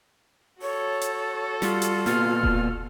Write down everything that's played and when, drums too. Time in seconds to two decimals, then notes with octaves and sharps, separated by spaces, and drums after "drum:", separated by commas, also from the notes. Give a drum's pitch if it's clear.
0.62 F#4 A4 C#5
1.01 drum: hi-hat
1.62 G3 F4, drum: snare
1.82 drum: hi-hat
2.06 A#2 B3 F6, drum: snare
2.43 drum: kick E1